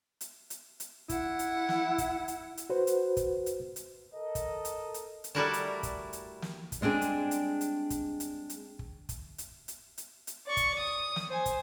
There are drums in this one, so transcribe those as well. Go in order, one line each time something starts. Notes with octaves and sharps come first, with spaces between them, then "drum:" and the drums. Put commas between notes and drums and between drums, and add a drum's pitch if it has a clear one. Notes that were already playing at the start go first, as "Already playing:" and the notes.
drum: hi-hat
drum: hi-hat
drum: hi-hat
E4 F#5, drum: kick, hi-hat
drum: hi-hat
drum: snare
drum: kick, hi-hat
drum: hi-hat
drum: hi-hat
F#4 B4 C5
drum: hi-hat
drum: kick, hi-hat
drum: hi-hat
drum: hi-hat
A4 A#4 D#5
drum: kick, hi-hat
drum: hi-hat
drum: hi-hat
drum: hi-hat
G3 A3 E4 F#4 A#4 A5
drum: hi-hat
drum: kick, hi-hat
drum: hi-hat
drum: snare
drum: kick, hi-hat
G3 G#3 C4 D4 G#4
drum: hi-hat
drum: hi-hat
drum: hi-hat
drum: kick, hi-hat
drum: hi-hat
drum: hi-hat
drum: kick
drum: kick, hi-hat
drum: hi-hat
drum: hi-hat
drum: hi-hat
drum: hi-hat
D5 C#6
drum: kick, hi-hat
D#6
drum: snare
C5 G#5
drum: kick, hi-hat